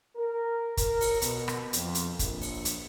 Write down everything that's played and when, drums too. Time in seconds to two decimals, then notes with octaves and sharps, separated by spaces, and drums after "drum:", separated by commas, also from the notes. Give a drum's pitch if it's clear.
0.16 A#4
0.77 A#4, drum: kick, hi-hat
1.01 drum: open hi-hat
1.22 B2, drum: hi-hat
1.48 drum: rim click
1.73 F2, drum: hi-hat
1.95 drum: hi-hat
2.19 A#1, drum: kick, hi-hat
2.42 drum: open hi-hat
2.65 drum: hi-hat